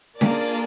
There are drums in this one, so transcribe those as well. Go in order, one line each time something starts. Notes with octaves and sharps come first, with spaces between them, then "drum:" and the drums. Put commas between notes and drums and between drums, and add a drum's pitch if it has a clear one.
A#3 D4 F4 G#4 A#4 D5, drum: snare C#4